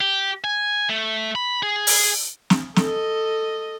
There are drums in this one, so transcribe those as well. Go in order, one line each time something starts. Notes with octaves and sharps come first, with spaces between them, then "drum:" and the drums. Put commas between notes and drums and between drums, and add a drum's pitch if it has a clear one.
G4
G#5
A3
B5
G#4
drum: open hi-hat
drum: snare
A4 D#5, drum: snare